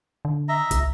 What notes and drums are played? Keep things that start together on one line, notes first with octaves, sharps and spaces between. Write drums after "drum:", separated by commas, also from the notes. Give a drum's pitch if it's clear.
D3
D#5 E5 A#5
C#2, drum: kick, hi-hat